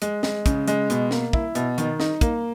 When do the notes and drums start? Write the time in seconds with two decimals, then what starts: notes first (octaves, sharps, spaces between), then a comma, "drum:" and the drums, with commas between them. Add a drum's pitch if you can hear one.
0.02 G#3, drum: hi-hat
0.23 G#3, drum: snare
0.46 C#3, drum: kick, hi-hat
0.68 G#3, drum: hi-hat
0.90 B2, drum: hi-hat
1.11 A#3, drum: snare
1.33 E4, drum: kick
1.55 B2, drum: hi-hat
1.78 D#3, drum: hi-hat
2.00 D#4, drum: snare
2.21 A#3, drum: kick, hi-hat